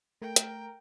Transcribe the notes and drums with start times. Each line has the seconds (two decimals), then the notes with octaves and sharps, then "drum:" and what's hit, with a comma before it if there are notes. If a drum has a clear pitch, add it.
0.22 A3 A#4 G5
0.36 drum: hi-hat